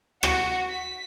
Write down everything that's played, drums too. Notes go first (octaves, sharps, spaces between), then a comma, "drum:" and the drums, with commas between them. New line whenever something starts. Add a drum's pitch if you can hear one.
F#4, drum: rim click
B6